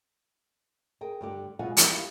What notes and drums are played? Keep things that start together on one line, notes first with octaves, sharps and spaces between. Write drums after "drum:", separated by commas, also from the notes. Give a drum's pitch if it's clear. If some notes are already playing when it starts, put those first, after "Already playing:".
G#4 A#4 G5
G2 D3 G4
F#2 B2 G#3 F4 F#5 G#5
E3 A#4, drum: hi-hat
E4 G4 F5